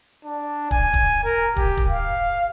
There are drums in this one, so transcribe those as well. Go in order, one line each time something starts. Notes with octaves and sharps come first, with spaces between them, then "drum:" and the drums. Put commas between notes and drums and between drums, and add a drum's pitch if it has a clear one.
D4
G#5, drum: kick
drum: kick
A#4
G4, drum: kick
drum: kick
F5